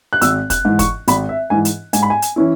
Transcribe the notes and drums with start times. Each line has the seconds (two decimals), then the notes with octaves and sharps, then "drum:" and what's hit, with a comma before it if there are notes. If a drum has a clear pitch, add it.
0.13 F#6
0.22 G#1 E6, drum: hi-hat
0.50 F#6, drum: kick, hi-hat
0.65 G#2 E3
0.79 C#6, drum: kick, hi-hat
1.08 G#1 B5, drum: hi-hat
1.29 E5
1.50 G#2 E3 G#5
1.65 drum: hi-hat
1.93 G#2 G#5, drum: hi-hat
2.02 B5
2.10 G#5
2.22 drum: hi-hat
2.36 E3 C#4 E4